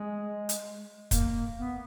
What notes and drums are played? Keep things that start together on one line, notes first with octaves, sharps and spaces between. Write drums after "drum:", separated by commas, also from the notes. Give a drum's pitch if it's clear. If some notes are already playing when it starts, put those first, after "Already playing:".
Already playing: G#3
drum: hi-hat
A#3, drum: kick, hi-hat
B3